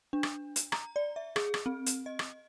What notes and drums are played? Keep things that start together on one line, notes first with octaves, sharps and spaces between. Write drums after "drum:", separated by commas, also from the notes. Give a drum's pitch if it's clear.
D4
drum: rim click
drum: hi-hat
A#5, drum: rim click
D5
E5
G#4, drum: rim click
drum: rim click
C4
drum: hi-hat
D#5
drum: rim click